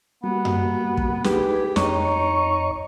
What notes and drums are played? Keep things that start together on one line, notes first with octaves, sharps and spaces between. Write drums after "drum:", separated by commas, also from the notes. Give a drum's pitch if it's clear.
G3 A#3 B3 F#4
drum: tom F#2
drum: kick
D#4 G4 G#4 B4, drum: snare
F2 D#4 C#5 C#6, drum: snare